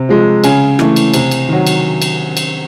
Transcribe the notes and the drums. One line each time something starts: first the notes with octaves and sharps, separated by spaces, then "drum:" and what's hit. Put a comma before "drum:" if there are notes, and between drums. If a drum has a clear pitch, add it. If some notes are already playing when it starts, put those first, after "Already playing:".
Already playing: C3
F3 G#3
C#3 G#5, drum: cymbal
E3 A3, drum: rim click
drum: cymbal
C3, drum: cymbal
drum: cymbal
D#3 F#3
drum: cymbal
drum: cymbal
drum: cymbal